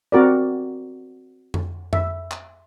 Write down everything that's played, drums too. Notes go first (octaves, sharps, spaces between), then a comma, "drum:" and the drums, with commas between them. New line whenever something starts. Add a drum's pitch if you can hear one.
C4 F#4 A#4 D5
drum: tom F2
E5, drum: tom F2
drum: clap